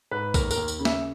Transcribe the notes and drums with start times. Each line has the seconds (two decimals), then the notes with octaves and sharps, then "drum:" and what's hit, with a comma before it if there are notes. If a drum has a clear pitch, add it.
0.11 G#2 B4
0.34 D#2 A#4, drum: kick B1, tambourine
0.51 A#4, drum: tambourine
0.57 D#2
0.68 drum: tambourine
0.79 C#3
0.85 E5, drum: snare